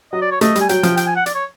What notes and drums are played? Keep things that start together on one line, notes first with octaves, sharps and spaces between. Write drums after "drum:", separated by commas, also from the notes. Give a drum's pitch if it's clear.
F#3 D#5
D5
C#5
A3 D#5, drum: hi-hat
G3, drum: hi-hat
G#5
F#3 G5, drum: hi-hat
F3, drum: hi-hat
G5, drum: hi-hat
G#5
F#5
D5, drum: hi-hat
C#5